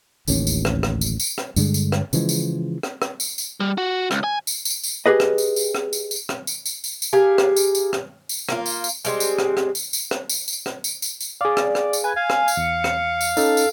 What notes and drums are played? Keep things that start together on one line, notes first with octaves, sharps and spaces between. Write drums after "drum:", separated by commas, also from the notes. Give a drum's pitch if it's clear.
D1 A1 D#2 C#4, drum: tambourine
drum: tambourine
drum: rim click
drum: rim click
drum: tambourine
drum: tambourine
drum: rim click
G2 D3 G#3, drum: tambourine
drum: tambourine
drum: rim click
C#3 E3 F3 G#3, drum: tambourine
drum: tambourine
drum: rim click
drum: rim click
drum: tambourine
drum: tambourine
G3
F#4
C#2, drum: rim click
G#5
drum: tambourine
drum: tambourine
drum: tambourine
G4 G#4 B4 D#5
drum: rim click
drum: tambourine
drum: tambourine
drum: rim click
drum: tambourine
drum: tambourine
drum: rim click
drum: tambourine
drum: tambourine
drum: tambourine
drum: tambourine
G4 G#4 A#4 F5
drum: rim click
drum: tambourine
drum: tambourine
drum: rim click
drum: tambourine
A#3 F4, drum: rim click
drum: tambourine
drum: tambourine
G3 G#3 C4, drum: tambourine
drum: tambourine
drum: rim click
drum: rim click
drum: tambourine
drum: tambourine
drum: rim click
drum: tambourine
drum: tambourine
drum: rim click
drum: tambourine
drum: tambourine
drum: tambourine
G#4 D5 F5
drum: rim click
drum: rim click
drum: tambourine
B4 G#5
F5 G#5
drum: rim click
drum: tambourine
E2 C#7
drum: rim click
drum: tambourine
C#4 D#4 A4, drum: tambourine
drum: tambourine